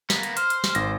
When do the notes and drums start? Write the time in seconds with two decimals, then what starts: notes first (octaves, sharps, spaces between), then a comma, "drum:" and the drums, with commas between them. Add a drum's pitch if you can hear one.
0.10 A#3 B3, drum: snare
0.23 drum: hi-hat
0.37 C5 F6, drum: hi-hat
0.50 drum: hi-hat
0.64 drum: snare
0.75 G#1 A#6, drum: hi-hat